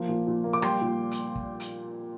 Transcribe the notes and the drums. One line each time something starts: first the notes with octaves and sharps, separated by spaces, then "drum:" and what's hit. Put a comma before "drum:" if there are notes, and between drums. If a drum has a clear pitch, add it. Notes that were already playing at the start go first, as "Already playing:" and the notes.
Already playing: F3 A#3
A#2
A#2
A#3
D6
G3 G5 C6, drum: rim click
A#2
drum: hi-hat
drum: kick
drum: hi-hat